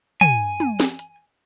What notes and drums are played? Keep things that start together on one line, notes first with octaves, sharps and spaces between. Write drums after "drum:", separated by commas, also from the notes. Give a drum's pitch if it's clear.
G#5, drum: tom
drum: tom
drum: snare
drum: hi-hat